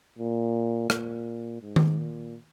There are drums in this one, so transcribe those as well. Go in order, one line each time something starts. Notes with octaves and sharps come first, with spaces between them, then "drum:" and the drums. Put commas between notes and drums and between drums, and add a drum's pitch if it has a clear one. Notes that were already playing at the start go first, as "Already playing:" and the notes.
A#2
A#2, drum: rim click
G#2
drum: tom D#3
A#2